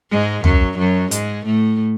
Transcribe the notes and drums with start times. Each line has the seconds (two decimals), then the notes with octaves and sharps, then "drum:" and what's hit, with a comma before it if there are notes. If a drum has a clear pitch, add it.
0.11 G#2 G#3
0.44 F#2 F#3, drum: tom
0.78 F#2 F#3
1.11 G#2 G#3, drum: hi-hat
1.45 A2 A3